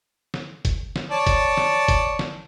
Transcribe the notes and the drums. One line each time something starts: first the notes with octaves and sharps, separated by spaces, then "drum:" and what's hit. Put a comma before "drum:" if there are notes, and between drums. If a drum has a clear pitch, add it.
drum: snare
drum: kick F#1, hi-hat
drum: snare
C#5 D5 A5
drum: kick F#1, hi-hat
drum: snare
drum: kick F#1, hi-hat
drum: snare